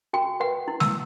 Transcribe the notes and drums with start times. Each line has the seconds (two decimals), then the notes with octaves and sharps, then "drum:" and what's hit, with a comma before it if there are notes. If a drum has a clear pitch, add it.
0.13 F#4 G5
0.40 B4 F#5
0.68 E4
0.80 E6, drum: snare G#3